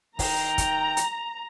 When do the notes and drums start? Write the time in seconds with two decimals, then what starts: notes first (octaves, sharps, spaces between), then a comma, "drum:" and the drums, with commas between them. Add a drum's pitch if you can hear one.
0.19 D#3 G5 A#5, drum: kick, open hi-hat
0.58 drum: kick, hi-hat
0.97 drum: hi-hat